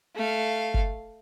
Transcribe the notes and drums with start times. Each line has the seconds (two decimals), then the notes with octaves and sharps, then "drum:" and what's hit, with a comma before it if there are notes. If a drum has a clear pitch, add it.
0.15 A3 F5
0.74 drum: kick F#1